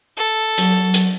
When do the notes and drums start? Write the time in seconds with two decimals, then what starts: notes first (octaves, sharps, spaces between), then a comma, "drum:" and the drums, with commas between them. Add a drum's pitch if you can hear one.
0.17 A4
0.58 F#3, drum: hi-hat
0.94 drum: hi-hat